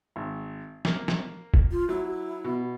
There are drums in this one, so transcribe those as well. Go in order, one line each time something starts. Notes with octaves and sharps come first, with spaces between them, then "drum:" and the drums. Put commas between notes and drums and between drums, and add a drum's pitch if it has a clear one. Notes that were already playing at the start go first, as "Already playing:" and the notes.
G#1
A#3, drum: snare
drum: snare
drum: kick F1
F4
F#3 E4
B2